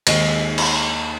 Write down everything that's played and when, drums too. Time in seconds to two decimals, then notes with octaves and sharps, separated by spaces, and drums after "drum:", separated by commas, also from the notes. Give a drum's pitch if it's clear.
0.07 D#2 D#3 G#3 D#4 G#4, drum: cymbal
0.58 drum: cymbal